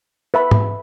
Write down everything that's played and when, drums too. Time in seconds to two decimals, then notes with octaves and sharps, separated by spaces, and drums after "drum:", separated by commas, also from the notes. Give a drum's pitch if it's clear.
0.34 B4 E5 B5
0.51 drum: tom